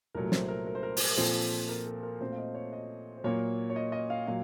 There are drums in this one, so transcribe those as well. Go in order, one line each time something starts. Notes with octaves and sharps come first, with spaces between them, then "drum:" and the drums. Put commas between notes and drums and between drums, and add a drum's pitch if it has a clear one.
C2 A#2 F#3 A3 A#4
C5, drum: snare
A#4
A#4
C5
A#4
drum: open hi-hat
A#2 F3 C4 A4
A#4
A4
A#4
A#2 A3 C4 C5
F5
D#5
C#5
D#5
C5
A#2 F#3 A#3 C#5
C#5
D#5
D#5
F5
A#2 F#3 A#3 F5